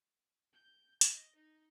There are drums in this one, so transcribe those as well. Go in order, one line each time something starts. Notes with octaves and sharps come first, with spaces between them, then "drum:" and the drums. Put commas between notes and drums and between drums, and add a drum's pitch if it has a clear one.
G6
D#5, drum: hi-hat
D#4